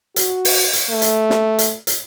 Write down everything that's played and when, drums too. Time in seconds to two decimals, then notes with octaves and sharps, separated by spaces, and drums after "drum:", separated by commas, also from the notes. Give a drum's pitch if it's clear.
0.16 F#4, drum: hi-hat
0.45 drum: open hi-hat
0.73 drum: hi-hat
0.90 A3
1.02 drum: hi-hat
1.30 drum: snare
1.59 drum: hi-hat
1.87 drum: hi-hat